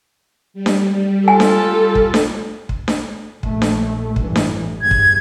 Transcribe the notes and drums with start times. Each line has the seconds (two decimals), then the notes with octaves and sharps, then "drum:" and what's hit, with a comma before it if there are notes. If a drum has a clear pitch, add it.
0.54 G3
0.66 drum: snare D4
1.28 F4 A4 G#5
1.40 drum: snare D4
1.95 drum: kick
2.14 drum: snare D4
2.69 drum: kick
2.88 drum: snare D4
3.43 A#1 A3, drum: kick
3.62 drum: snare D4
4.16 A1 G2 E3, drum: kick
4.36 drum: snare D4
4.82 E2 G2 G#6
4.91 drum: kick